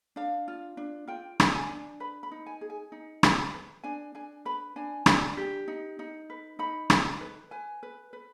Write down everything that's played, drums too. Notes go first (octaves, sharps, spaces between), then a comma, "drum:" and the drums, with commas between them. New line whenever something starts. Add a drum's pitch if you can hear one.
D4 F5
F4
D4
F4 G5
D4, drum: rim click
G#5
D4
B4 B5
B5
D#4
G#5
G#4
G#5
D#4
B4, drum: rim click
B5
B4
D4 G#5
D4 G#5
B4 B5
D4 G#5
D4, drum: rim click
G4
D#4
D#4
B4
D#4 B5
B4, drum: rim click
B4
B4 G#5
B4
B4